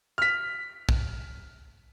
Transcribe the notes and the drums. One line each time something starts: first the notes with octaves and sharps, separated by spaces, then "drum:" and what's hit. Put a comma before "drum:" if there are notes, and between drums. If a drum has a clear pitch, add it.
F6 B6
drum: kick B1